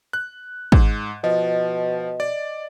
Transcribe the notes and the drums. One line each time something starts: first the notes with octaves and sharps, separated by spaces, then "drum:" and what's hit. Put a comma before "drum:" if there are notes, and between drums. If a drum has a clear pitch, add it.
F#6
G#2, drum: kick
B2 F3 D#5
D5